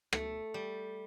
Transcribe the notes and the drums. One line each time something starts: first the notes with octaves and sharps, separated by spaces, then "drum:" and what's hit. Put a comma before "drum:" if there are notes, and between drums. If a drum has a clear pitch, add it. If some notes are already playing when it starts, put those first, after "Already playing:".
A3, drum: rim click
G3